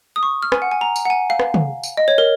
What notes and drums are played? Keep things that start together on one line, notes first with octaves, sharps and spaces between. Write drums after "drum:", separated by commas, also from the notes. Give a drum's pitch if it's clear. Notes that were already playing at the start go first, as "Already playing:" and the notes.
D#6
C#6
F6
G#5, drum: rim click
F#5
G#5
A#5
drum: tambourine
F#5
G#5
F5
drum: rim click
drum: tom
drum: tambourine
D#5
C#5
A#4